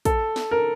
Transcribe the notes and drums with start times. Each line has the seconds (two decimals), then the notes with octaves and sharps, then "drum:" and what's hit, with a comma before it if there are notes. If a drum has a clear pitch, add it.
0.05 A4, drum: kick, hi-hat
0.36 drum: snare
0.51 A#4